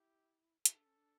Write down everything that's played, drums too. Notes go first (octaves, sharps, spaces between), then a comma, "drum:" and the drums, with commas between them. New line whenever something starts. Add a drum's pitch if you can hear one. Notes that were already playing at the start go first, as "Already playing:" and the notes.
Already playing: E4 G4
E4 A4, drum: hi-hat
D4
C#4
D4